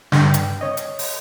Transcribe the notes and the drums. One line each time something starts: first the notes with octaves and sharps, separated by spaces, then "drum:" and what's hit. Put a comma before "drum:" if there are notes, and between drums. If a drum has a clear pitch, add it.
G2 D3 G5, drum: snare
drum: hi-hat
C#5 D#5
drum: hi-hat
drum: open hi-hat